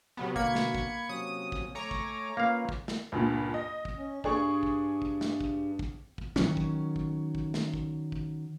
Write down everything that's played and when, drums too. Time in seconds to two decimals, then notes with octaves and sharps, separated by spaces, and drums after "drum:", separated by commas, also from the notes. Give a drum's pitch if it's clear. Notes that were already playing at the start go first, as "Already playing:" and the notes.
0.17 C3 F#3 B3
0.36 B2 D3 A#3 F#4 B5 G#6 C#7, drum: kick
0.55 drum: snare
0.75 drum: kick
1.09 C3 F#3 C#4 D#6
1.52 drum: kick
1.75 A3 C#5 G#5 A#5 D6
1.91 drum: kick
2.37 A#3 C#4 F4 B4 F5
2.69 drum: kick
2.88 drum: snare
3.12 C#2 G2 A#2
3.54 D#5
3.85 drum: kick
3.97 C#4
4.24 G2 D4 G#4 C#6, drum: kick
4.63 drum: kick
5.02 drum: kick
5.21 drum: snare
5.41 drum: kick
5.79 drum: kick
6.18 drum: kick
6.36 D#3 F#3 C#4, drum: snare
6.57 drum: kick
6.96 drum: kick
7.35 drum: kick
7.54 drum: snare
7.73 drum: kick
8.12 drum: kick